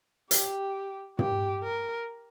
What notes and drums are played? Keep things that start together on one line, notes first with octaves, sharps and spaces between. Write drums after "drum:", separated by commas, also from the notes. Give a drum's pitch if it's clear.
G4, drum: hi-hat
G4, drum: tom
A#4